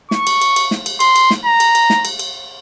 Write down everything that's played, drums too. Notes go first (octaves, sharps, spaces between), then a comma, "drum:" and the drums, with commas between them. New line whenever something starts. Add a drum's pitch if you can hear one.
C#6, drum: snare
drum: cymbal
drum: cymbal
drum: cymbal
drum: snare
drum: cymbal
C6, drum: cymbal
drum: cymbal
drum: snare
A#5
drum: cymbal
drum: cymbal
drum: snare
drum: cymbal
drum: cymbal